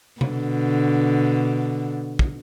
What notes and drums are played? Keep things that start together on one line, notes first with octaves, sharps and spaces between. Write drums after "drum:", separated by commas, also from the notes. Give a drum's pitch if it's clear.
B2 D3, drum: tom C3
drum: kick